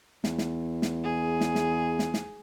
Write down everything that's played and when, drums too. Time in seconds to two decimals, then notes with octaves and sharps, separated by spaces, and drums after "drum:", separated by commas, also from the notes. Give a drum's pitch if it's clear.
0.24 E2, drum: snare
0.38 drum: snare
0.82 drum: snare
1.04 G#4
1.41 drum: snare
1.55 drum: snare
1.99 drum: snare
2.14 drum: snare